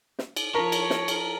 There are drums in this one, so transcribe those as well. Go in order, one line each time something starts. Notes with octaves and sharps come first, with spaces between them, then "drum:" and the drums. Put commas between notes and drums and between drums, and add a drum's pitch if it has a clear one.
drum: snare
drum: cymbal
F3 A#4 C#5 A5 A#5 B6
drum: cymbal
drum: snare
drum: cymbal